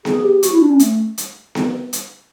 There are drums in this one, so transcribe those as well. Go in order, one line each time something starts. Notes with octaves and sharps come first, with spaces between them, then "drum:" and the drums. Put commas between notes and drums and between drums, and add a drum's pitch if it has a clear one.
G#4, drum: snare B3
G4
F#4, drum: hi-hat
E4
D4
C#4
A3, drum: hi-hat
drum: hi-hat
drum: snare B3
drum: hi-hat